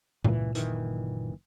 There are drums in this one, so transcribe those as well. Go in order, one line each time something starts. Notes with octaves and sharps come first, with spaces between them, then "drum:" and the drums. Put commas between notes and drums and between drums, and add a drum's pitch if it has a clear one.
C#2 A#2 E3, drum: tom G2
F#1 D#3 E3, drum: hi-hat